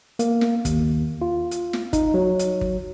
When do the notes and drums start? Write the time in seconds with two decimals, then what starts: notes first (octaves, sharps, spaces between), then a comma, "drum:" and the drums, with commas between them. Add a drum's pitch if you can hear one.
0.19 A#3, drum: hi-hat
0.41 drum: snare
0.65 D#2, drum: kick, hi-hat
1.22 F4
1.51 drum: hi-hat
1.73 drum: snare
1.93 D#4, drum: kick, hi-hat
2.14 F#3
2.39 drum: hi-hat
2.61 drum: kick